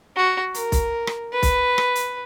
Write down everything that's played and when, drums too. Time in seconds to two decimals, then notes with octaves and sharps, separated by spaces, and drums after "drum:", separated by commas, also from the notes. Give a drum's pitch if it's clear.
0.16 F#4
0.54 A#4, drum: hi-hat
0.72 drum: kick B1, hi-hat
1.07 drum: rim click
1.32 B4
1.43 drum: kick B1, hi-hat
1.78 drum: rim click
1.95 drum: hi-hat